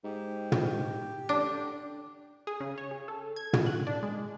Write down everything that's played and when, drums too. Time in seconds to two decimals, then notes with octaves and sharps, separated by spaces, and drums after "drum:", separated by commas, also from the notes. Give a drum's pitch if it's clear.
0.04 G#2 G4
0.52 drum: tom
1.29 A1 D4
1.46 D3
2.47 G#4
2.60 C#3
2.78 C#5
2.91 G#4
3.08 A4
3.36 G#6
3.53 drum: tom
3.66 F#6
3.87 D4
4.03 G#3